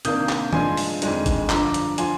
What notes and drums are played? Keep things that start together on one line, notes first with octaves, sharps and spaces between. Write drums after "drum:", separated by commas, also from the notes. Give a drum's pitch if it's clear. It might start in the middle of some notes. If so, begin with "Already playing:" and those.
C3 D#3 A#3 D4 D#6 G6, drum: hi-hat
drum: clap
G2 F3 G#3 D4 G#5 C6, drum: tom D#3
drum: open hi-hat
F2 D#3 G#3 D4, drum: hi-hat
drum: kick, hi-hat
G2 D3 F3 A#5 D6, drum: clap
drum: hi-hat
D3 F3 G#5 C6, drum: hi-hat